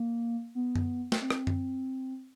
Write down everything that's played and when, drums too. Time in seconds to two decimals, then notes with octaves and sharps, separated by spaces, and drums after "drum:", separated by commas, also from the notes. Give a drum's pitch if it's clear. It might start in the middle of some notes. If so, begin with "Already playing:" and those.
Already playing: A#3
0.55 B3
0.76 drum: tom F#2
1.12 drum: snare
1.21 C4
1.30 drum: rim click
1.47 drum: tom F#2